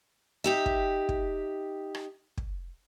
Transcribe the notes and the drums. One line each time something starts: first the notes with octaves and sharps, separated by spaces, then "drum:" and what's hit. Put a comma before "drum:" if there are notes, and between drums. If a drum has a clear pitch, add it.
D#4 G4 E5
drum: kick
drum: kick
drum: rim click
drum: kick